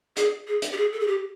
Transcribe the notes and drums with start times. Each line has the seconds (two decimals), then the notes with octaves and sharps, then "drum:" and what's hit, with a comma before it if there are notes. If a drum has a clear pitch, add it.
0.17 G#4, drum: hi-hat
0.48 G#4
0.62 drum: hi-hat
0.73 G4
0.77 G#4
0.93 A4
1.00 G#4
1.07 G4